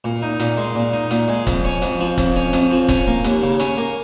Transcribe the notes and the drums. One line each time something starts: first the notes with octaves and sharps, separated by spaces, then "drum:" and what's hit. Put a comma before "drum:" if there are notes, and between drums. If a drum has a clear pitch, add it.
A#2
D#4
A#2, drum: hi-hat
G#3
A#2
D#4
A#2, drum: hi-hat
G#3
F2, drum: kick, hi-hat
C#4
F2, drum: hi-hat
F3
F2, drum: kick, hi-hat
C#4
F2, drum: hi-hat
F3
C#4, drum: kick, hi-hat
A#3
D#2, drum: hi-hat
C#3
C#4, drum: hi-hat
A#3